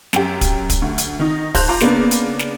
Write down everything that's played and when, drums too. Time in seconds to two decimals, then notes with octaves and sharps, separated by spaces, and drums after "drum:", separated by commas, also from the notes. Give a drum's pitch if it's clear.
0.13 F#2 G4, drum: snare
0.41 drum: kick, hi-hat
0.70 drum: kick, hi-hat
0.82 D2
0.98 drum: hi-hat
1.19 D#3 D#4
1.55 C5 A5 F#6 G6, drum: kick, open hi-hat
1.68 F4 A#5 C6 D6
1.81 C#3 A#3 B3 D4, drum: snare
2.11 drum: hi-hat
2.39 drum: snare